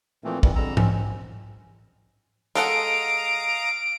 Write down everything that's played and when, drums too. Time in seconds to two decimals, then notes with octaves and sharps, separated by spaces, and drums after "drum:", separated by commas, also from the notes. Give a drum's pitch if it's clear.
0.24 A#2 E3 F3 A3 A#3 C4
0.43 C3 D#3 E3 G3, drum: kick
0.56 F2 D3 G3 G#3 A#5 E6
0.77 C4 C#4, drum: tom G#2
2.55 G#3 A4 F5 F#5 A#5 D#6 D7, drum: hi-hat